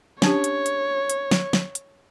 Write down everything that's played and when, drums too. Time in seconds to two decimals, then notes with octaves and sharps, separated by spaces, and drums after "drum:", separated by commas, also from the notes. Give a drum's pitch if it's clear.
0.22 C#4 D4 G4 C#5, drum: snare
0.44 drum: hi-hat
0.66 drum: hi-hat
1.10 drum: hi-hat
1.31 drum: snare
1.53 drum: snare
1.75 drum: hi-hat